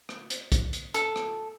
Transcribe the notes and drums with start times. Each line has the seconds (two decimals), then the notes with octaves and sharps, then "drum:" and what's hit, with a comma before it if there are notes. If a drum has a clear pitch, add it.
0.09 drum: rim click
0.30 drum: hi-hat
0.52 drum: kick, hi-hat
0.73 drum: hi-hat
0.94 A4, drum: hi-hat
1.16 drum: rim click